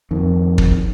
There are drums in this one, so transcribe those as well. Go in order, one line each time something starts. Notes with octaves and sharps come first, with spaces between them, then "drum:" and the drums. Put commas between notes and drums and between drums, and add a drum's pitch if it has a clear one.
F2 D#3
drum: kick